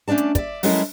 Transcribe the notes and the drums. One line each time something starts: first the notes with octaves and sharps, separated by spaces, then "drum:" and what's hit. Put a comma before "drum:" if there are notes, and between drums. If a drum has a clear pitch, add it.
A3 C#4 D4 D5 A5
drum: hi-hat
D5 E5, drum: kick, hi-hat
F#3 G#3 C#4 E4 A4 A#4, drum: open hi-hat